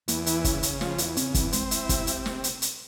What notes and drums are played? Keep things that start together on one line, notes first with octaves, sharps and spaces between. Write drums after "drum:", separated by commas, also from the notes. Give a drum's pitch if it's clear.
E2 A#3, drum: hi-hat
E3, drum: hi-hat
C#3, drum: kick, hi-hat
C#3, drum: hi-hat
F3, drum: snare
E2, drum: hi-hat
C#3 C4, drum: hi-hat
E2, drum: kick, hi-hat
G#3 C4, drum: hi-hat
E4, drum: hi-hat
C3, drum: kick, hi-hat
C3, drum: hi-hat
drum: snare
drum: hi-hat
drum: hi-hat